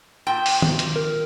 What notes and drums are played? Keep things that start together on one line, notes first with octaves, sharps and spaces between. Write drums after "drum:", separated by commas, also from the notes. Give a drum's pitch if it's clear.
A#2 G5
drum: open hi-hat
drum: tom D#3
drum: hi-hat
A#4